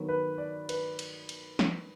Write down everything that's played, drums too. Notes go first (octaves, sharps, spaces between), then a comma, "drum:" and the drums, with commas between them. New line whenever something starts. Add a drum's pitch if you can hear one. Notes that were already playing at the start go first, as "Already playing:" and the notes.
Already playing: D#3 F#3 B3
B4
D5
B4, drum: cymbal
drum: cymbal
drum: cymbal
drum: snare